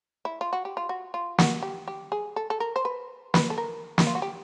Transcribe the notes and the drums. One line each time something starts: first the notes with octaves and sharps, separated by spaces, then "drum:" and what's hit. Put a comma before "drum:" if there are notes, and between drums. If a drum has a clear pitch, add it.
E4
F4
F#4
G4
F4
F#4
F4
F#4, drum: snare
G4
G4
G#4
A4
A4
A#4
C5
B4
B4, drum: snare
A4
A#4
E4, drum: snare
F4
F#4
G4